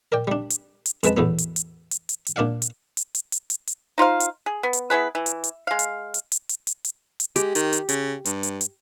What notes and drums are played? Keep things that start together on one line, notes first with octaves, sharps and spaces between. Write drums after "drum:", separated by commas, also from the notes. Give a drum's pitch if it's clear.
A#4 D5 G5
G3 D4
drum: hi-hat
drum: hi-hat
F2 G#3 B4 A5, drum: hi-hat
E2 A2 F#3 B3
drum: hi-hat
drum: hi-hat
drum: hi-hat
drum: hi-hat
drum: hi-hat
A#2 D4 D5 F5 F#5
drum: hi-hat
drum: hi-hat
drum: hi-hat
drum: hi-hat
drum: hi-hat
drum: hi-hat
D#4 F4 C5 F5
drum: hi-hat
G#4
B3
drum: hi-hat
B3 E4 G#4 B4
E3
drum: hi-hat
drum: hi-hat
G#3 F5
drum: hi-hat
drum: hi-hat
drum: hi-hat
drum: hi-hat
drum: hi-hat
drum: hi-hat
drum: hi-hat
G#3 G4, drum: hi-hat
D#3, drum: hi-hat
drum: hi-hat
C#3, drum: hi-hat
G2, drum: hi-hat
drum: hi-hat
drum: hi-hat